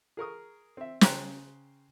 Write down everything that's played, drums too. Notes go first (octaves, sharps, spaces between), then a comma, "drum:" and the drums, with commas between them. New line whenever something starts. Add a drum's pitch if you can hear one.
G#4 A#4 C#6 D#6
C4 E5
C#3 C5 G5 A#5 C6 F#6, drum: snare